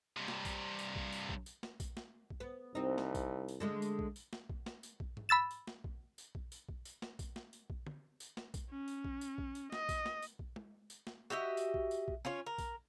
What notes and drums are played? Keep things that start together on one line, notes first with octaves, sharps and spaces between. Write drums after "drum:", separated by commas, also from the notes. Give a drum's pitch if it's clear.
G2 C3
drum: snare
drum: kick A#1, tambourine
drum: tambourine
drum: kick A#1
drum: tambourine
drum: kick A#1
drum: tambourine
drum: snare
drum: kick A#1, tambourine
drum: snare
drum: kick A#1
B3
C2 C4 D#4
drum: snare
drum: kick A#1, tambourine
drum: tambourine
D3 G#3 A3
drum: tambourine
drum: kick A#1
drum: tambourine
drum: snare
drum: kick A#1
drum: snare
drum: tambourine
drum: kick A#1
drum: tom G#2
B5 E6 A6 E7
drum: tambourine
drum: snare
drum: kick A#1
drum: tambourine
drum: kick A#1
drum: tambourine
drum: kick A#1
drum: tambourine
drum: snare
drum: kick A#1, tambourine
drum: snare
drum: tambourine
drum: kick A#1
drum: tom D3
drum: tambourine
drum: snare
drum: kick A#1, tambourine
C#4
drum: tambourine
drum: kick A#1
drum: tambourine
drum: kick A#1
drum: tambourine
D#5, drum: snare
drum: kick A#1, tambourine
drum: snare
drum: tambourine
drum: kick A#1
drum: tom G#3
drum: tambourine
drum: snare
F#4 G4 D#5 E5
drum: tambourine
drum: kick A#1
drum: tambourine
drum: kick A#1
C#4 F4 C#5
A#4
drum: kick A#1, tambourine